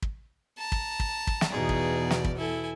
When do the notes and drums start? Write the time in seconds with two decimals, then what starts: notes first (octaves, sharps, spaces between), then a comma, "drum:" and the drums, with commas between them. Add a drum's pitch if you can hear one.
0.02 drum: kick
0.58 A5 A#5
0.72 drum: kick
1.00 drum: kick
1.27 drum: kick
1.41 drum: snare
1.51 E2 B2 D#4 G#4 D5
1.69 drum: kick
2.11 drum: snare
2.24 drum: kick
2.37 E4 A4 G#5